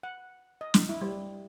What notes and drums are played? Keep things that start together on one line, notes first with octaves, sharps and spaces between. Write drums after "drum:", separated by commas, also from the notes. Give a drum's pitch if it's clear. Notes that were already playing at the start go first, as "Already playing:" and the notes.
F#5
D#5
drum: snare
E4
G3